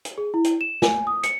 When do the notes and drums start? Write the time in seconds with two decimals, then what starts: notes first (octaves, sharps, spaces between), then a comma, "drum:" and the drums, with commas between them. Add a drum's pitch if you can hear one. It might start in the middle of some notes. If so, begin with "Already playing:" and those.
0.05 drum: hi-hat
0.18 G#4
0.34 E4
0.44 drum: hi-hat
0.61 E7
0.82 G#5, drum: snare
1.07 D#6
1.23 C#7, drum: hi-hat